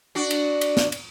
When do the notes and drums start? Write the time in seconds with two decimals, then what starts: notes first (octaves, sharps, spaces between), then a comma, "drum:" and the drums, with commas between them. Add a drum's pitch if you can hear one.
0.15 D4 F#4
0.31 drum: cymbal
0.61 drum: cymbal
0.77 drum: snare
0.92 drum: cymbal